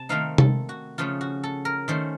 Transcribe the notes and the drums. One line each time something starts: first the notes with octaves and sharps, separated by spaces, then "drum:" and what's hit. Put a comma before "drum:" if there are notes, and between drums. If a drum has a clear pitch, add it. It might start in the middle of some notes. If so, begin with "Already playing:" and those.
Already playing: C3 A5
D#3 A3 C4 D#4 F5
A4, drum: tom C3
F#4
C#3 F3 A3 C#4 F4
F#4
A4
A#4
D#3 A3 C#4 C5